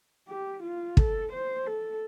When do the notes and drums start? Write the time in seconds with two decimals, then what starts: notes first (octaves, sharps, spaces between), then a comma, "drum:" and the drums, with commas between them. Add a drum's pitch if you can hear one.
0.28 G4
0.63 F4
0.97 A4, drum: kick
1.32 C5
1.66 A4